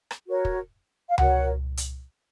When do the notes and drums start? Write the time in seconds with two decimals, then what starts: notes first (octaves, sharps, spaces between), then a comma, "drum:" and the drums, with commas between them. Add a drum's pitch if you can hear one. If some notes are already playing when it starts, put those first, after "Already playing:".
0.11 drum: rim click
0.27 F#4 A#4 C#5
0.45 drum: kick
1.09 F5
1.18 F#4 A#4 C#5 F#5, drum: tom C#2
1.77 drum: hi-hat